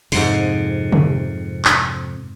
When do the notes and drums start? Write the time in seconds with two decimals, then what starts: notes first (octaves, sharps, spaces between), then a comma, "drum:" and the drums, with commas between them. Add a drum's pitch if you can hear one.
0.12 F2 G#2 C3 F#5 C6, drum: open hi-hat
0.92 drum: tom C3
1.65 drum: clap